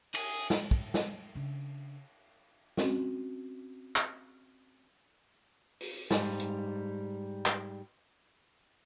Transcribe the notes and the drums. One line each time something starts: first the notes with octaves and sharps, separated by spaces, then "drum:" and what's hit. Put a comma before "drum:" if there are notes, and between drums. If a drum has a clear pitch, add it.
G#4, drum: cymbal
drum: snare
drum: kick
drum: snare
C#3 D4
C4 C#4 F#4, drum: snare
drum: clap
drum: open hi-hat
G#2 G3 A5, drum: snare
drum: hi-hat
drum: clap